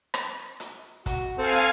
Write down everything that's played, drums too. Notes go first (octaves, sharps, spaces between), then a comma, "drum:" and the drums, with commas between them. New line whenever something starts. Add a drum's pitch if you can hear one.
drum: rim click
drum: hi-hat
F#4, drum: kick, hi-hat
C4 A4 F5 G#5
drum: hi-hat